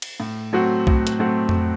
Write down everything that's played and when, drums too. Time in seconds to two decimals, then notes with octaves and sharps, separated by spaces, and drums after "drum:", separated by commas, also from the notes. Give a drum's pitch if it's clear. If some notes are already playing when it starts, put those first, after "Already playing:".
0.02 drum: cymbal
0.20 A2
0.53 F#3 A3 C4 F#4
0.87 A2, drum: kick C2
1.07 drum: hi-hat
1.19 F#3 A3 C4 F#4
1.49 drum: tom F2